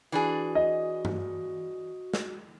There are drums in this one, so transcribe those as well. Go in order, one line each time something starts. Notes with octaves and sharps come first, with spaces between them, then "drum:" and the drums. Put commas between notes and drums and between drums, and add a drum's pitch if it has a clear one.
E3 D4 F#4 G#4
D#5
drum: tom G2
drum: snare